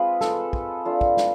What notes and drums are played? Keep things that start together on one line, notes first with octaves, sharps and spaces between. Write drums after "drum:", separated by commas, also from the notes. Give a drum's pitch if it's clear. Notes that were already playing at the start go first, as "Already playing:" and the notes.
Already playing: G#3 C4 F4 B4
A4, drum: snare
drum: kick
A3 D4 F4
drum: kick
drum: snare